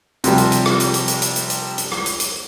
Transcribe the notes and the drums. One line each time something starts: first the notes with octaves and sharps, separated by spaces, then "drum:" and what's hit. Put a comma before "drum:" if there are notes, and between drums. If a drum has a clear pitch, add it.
C3 F3 G3, drum: hi-hat
drum: hi-hat
drum: hi-hat
drum: rim click
drum: hi-hat
drum: hi-hat
drum: hi-hat
drum: hi-hat
drum: hi-hat
drum: hi-hat
drum: hi-hat
drum: rim click
drum: hi-hat
drum: hi-hat